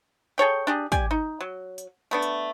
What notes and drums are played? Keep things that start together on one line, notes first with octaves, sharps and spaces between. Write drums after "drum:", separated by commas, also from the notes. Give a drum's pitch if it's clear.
G#4 A4 C#5 G5
D4 G4 G#4
G4 D5 G#5, drum: kick, hi-hat
D#4
F#3
drum: hi-hat
A3 B3 D4
drum: hi-hat